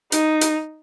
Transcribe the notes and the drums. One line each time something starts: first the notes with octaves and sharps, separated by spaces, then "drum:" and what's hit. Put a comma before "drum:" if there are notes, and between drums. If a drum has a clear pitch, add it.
D#4, drum: hi-hat
drum: hi-hat